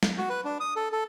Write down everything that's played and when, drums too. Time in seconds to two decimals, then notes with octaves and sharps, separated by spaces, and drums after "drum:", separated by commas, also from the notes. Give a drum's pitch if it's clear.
0.03 drum: snare
0.18 F#4
0.30 B4
0.45 D4
0.60 D#6
0.76 A4
0.92 A4